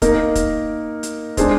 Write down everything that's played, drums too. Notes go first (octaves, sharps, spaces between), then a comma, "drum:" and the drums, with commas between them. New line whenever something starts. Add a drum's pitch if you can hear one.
A#3 D#4 A#4, drum: kick, hi-hat
drum: kick, hi-hat
drum: hi-hat
G#3 D4 G#4 C5, drum: kick, hi-hat